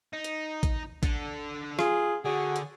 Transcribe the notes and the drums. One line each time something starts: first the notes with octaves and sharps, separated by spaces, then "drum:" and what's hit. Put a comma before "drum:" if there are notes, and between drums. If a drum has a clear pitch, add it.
D#4
drum: hi-hat
drum: kick A1, hi-hat
D3 A4, drum: kick A1, hi-hat
F4 G#4, drum: rim click
D3 F#4 G#4
drum: hi-hat